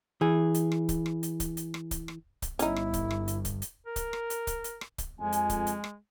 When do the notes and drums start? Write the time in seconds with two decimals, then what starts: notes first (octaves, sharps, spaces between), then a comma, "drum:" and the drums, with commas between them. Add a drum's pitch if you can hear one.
0.21 E3 G#4
0.54 drum: hi-hat
0.72 drum: rim click
0.89 drum: kick C#1, hi-hat
1.06 drum: rim click
1.23 drum: hi-hat
1.40 drum: kick C#1, hi-hat
1.57 drum: hi-hat
1.74 drum: rim click
1.91 drum: kick C#1, hi-hat
2.08 drum: rim click
2.42 drum: kick C#1, hi-hat
2.59 G1 C#4 D#4 E4, drum: hi-hat
2.76 drum: rim click
2.93 drum: kick C#1, hi-hat
3.11 drum: rim click
3.28 drum: hi-hat
3.45 drum: kick C#1, hi-hat
3.62 drum: hi-hat
3.87 A#4
3.96 drum: kick C#1, hi-hat
4.13 drum: rim click
4.30 drum: hi-hat
4.47 drum: kick C#1, hi-hat
4.64 drum: hi-hat
4.81 drum: rim click
4.98 drum: kick C#1, hi-hat
5.20 F2 G#3 G#5
5.32 drum: hi-hat
5.50 drum: kick C#1, hi-hat
5.67 drum: hi-hat
5.84 drum: rim click